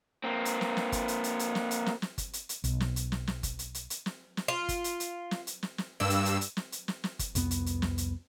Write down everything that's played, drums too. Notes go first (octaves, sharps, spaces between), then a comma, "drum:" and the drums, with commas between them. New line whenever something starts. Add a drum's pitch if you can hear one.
A#3 C4
drum: hi-hat
drum: snare
drum: snare
drum: kick G1, hi-hat
drum: hi-hat
drum: hi-hat
drum: hi-hat
drum: snare
drum: hi-hat
drum: snare
drum: snare
drum: kick G1, hi-hat
drum: hi-hat
drum: hi-hat
B1, drum: hi-hat
drum: snare
drum: hi-hat
drum: snare
drum: snare
drum: kick G1, hi-hat
drum: hi-hat
drum: hi-hat
drum: hi-hat
drum: snare
drum: snare
F4
drum: kick G1, hi-hat
drum: hi-hat
drum: hi-hat
drum: snare
drum: hi-hat
drum: snare
drum: snare
G2 A#3 E6
drum: hi-hat
drum: hi-hat
drum: hi-hat
drum: snare
drum: hi-hat
drum: snare
drum: snare
drum: kick G1, hi-hat
C2 F2 B3, drum: hi-hat
drum: hi-hat
drum: hi-hat
drum: snare
drum: hi-hat